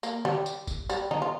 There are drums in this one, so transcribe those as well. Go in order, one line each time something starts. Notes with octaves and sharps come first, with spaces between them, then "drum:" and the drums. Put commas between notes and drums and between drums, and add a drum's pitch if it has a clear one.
A#3, drum: tambourine
G3, drum: snare
drum: tambourine
drum: kick, tambourine
G3, drum: tambourine
D#4, drum: snare
F4